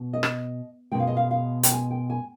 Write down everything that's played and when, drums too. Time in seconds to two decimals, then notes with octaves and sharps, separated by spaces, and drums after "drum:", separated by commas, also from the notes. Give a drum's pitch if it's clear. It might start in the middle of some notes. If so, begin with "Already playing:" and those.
Already playing: B2
0.13 D#5
0.23 drum: rim click
0.92 B2 G#3 G5
1.00 F5
1.07 D#5
1.17 F5
1.31 F5
1.63 G5, drum: hi-hat
1.71 G#5
1.90 G5
2.10 G#5